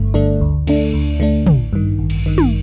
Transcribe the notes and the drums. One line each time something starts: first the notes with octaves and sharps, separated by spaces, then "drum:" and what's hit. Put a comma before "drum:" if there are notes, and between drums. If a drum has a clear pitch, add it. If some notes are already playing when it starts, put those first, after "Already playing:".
Already playing: G1 G2 D3 A3
G2 D3 A3 D4
D2
D3 A3 D4, drum: cymbal
D2
D3 A3 D4
A1, drum: tom
G2 D#3
A1
drum: cymbal
G2 D#3
drum: tom